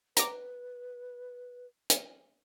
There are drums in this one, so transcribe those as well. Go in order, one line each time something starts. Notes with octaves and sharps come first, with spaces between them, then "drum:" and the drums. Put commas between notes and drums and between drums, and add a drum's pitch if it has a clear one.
B4 A#5 D6, drum: hi-hat
drum: hi-hat